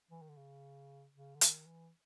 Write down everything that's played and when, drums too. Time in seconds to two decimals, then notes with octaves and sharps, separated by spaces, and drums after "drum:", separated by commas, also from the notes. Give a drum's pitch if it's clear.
0.11 E3
0.22 D#3
0.29 D3
0.37 C#3
1.14 C#3
1.35 D3
1.41 D#3, drum: hi-hat
1.66 E3